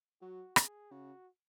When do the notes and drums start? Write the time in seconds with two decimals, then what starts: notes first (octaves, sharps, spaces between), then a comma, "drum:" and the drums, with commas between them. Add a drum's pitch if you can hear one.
0.22 F#3 F#4
0.56 G#4, drum: rim click
0.91 C#3 F#4